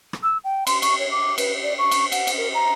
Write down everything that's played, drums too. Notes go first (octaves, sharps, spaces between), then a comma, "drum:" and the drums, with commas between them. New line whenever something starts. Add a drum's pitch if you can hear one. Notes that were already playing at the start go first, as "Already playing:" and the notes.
drum: rim click
E6
G5
C6, drum: cymbal
C#6, drum: cymbal
C#5
D6
B4, drum: cymbal
D5
C#6
drum: cymbal
F#5, drum: cymbal
drum: cymbal
A#4
A#5